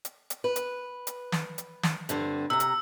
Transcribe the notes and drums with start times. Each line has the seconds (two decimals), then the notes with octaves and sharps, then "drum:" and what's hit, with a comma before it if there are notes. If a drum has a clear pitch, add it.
0.05 drum: hi-hat
0.30 drum: hi-hat
0.44 B4
0.56 drum: hi-hat
1.07 drum: hi-hat
1.32 drum: snare
1.58 drum: hi-hat
1.83 drum: snare
2.09 G2 D3 C4, drum: hi-hat
2.50 C3 A#5 E6
2.60 drum: hi-hat